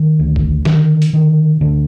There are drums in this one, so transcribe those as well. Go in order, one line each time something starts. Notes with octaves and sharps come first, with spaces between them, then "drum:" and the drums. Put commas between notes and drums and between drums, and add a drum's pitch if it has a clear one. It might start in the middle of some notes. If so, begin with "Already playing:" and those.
Already playing: D#3
D2
drum: kick A1
D3 D#3, drum: snare
drum: hi-hat
D3 D#3
D2 D3